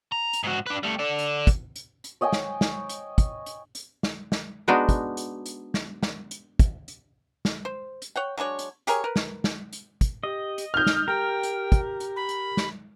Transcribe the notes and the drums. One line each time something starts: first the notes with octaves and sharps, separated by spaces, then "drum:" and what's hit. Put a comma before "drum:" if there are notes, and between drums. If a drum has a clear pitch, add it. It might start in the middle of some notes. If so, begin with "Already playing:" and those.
A#5
drum: hi-hat
G#2 F#4
D4 B4
G3 A3
A4 D5
drum: hi-hat
drum: kick, hi-hat
drum: hi-hat
drum: hi-hat
C#5 D#5 G5 G#5
drum: snare
drum: snare
drum: hi-hat
drum: kick, hi-hat
drum: hi-hat
drum: hi-hat
drum: snare
drum: snare
G#3 B3 D4 D#4 F#4
drum: kick, hi-hat
drum: hi-hat
drum: hi-hat
drum: snare
drum: snare
drum: hi-hat
drum: kick, hi-hat
drum: hi-hat
drum: snare
C5
drum: hi-hat
C#5 F#5 G5
F#3 G#3 D4 C#5
drum: hi-hat
G4 G#4 A#4 C#5, drum: hi-hat
A#4 B4
drum: snare
drum: snare
drum: hi-hat
drum: kick, hi-hat
G4 D#5
drum: hi-hat
D#4 F6 G6
drum: snare
G4 A#4 G5
drum: hi-hat
drum: kick, hi-hat
drum: hi-hat
B5
drum: hi-hat
drum: snare